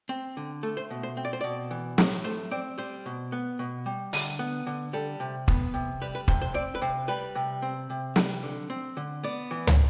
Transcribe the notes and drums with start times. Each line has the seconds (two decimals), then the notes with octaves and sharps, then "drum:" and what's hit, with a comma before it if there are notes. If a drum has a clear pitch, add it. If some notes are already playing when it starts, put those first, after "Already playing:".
0.09 C4
0.37 D3
0.63 A3 A4
0.77 C5
0.90 B2
1.03 C5
1.17 C4
1.25 D5
1.33 C5
1.41 B2 D5
1.71 E3
1.98 A2, drum: snare
2.24 A3 C5
2.51 C4 D5
2.78 G3 C5
3.06 B2
3.32 B3
3.59 B2
3.86 G3
4.13 D3, drum: open hi-hat
4.39 B3
4.67 D3
4.93 G3 A4
5.20 C3
5.48 B3, drum: kick
5.74 C3
6.02 G3 B4
6.15 B4
6.28 C3 C5, drum: kick
6.42 C5
6.54 C4 D5
6.75 B4
6.82 C3 C5
7.08 G3 B4
7.35 C3
7.62 C4
7.90 C3
8.16 G3 B4, drum: snare
8.43 D3
8.70 C4
8.97 D3
9.23 B3 D5
9.51 E3
9.67 drum: tom